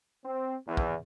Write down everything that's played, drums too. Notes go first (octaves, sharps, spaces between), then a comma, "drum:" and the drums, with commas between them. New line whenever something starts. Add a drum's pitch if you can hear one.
C4
E2
drum: kick